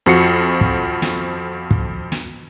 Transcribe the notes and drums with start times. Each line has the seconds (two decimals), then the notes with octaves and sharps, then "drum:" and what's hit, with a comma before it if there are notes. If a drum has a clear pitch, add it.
0.06 F2 F3 F#4 C7 C#7
0.61 drum: kick
1.02 drum: snare
1.71 drum: kick
2.12 drum: snare